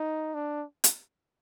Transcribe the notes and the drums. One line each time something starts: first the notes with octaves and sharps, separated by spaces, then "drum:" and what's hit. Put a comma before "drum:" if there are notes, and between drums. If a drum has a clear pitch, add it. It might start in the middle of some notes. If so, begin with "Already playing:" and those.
Already playing: D#4
D4
drum: hi-hat